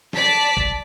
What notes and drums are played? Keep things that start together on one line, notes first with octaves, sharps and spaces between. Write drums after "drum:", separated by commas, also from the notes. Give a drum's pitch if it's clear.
D5 A5 B6, drum: snare
drum: kick A#1